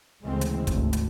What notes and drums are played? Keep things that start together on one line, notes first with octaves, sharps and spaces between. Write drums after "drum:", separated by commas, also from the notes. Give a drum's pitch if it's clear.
D2 C#3 E3 G#3 C4
drum: hi-hat
G#1 D2, drum: kick, hi-hat
drum: hi-hat